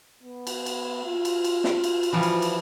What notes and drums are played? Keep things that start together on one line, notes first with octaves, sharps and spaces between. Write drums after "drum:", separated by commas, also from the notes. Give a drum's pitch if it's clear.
B3
drum: cymbal
drum: cymbal
F4
drum: cymbal
drum: cymbal
drum: snare
drum: cymbal
drum: cymbal
E3 F3 G3 F4
drum: cymbal
drum: cymbal